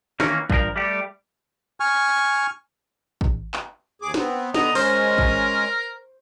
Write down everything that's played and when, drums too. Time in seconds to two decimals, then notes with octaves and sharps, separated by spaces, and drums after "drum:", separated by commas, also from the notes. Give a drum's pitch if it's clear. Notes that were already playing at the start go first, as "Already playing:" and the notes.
0.20 D#3 E3 A#3 C#4, drum: snare
0.50 G2 F3 G#4 A#4, drum: kick
0.76 G3 A3 G4
1.80 G#5 C#6 F6
3.21 drum: kick
3.54 drum: clap
4.02 D#2 G#4 D6
4.14 B3 C4, drum: snare
4.54 D3 B3 D#5 A#5, drum: snare
4.75 G#3 C#4 A#4 C5, drum: open hi-hat
5.18 drum: kick